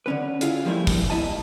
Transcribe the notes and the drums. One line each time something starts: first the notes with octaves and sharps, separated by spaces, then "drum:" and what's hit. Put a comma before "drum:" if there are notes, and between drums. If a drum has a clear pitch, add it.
D3 C#4 B4
E4 F4 G#4 F5, drum: hi-hat
F3 G3 A3 A#3 E4
drum: kick, open hi-hat
A#3 E4 D#5 A5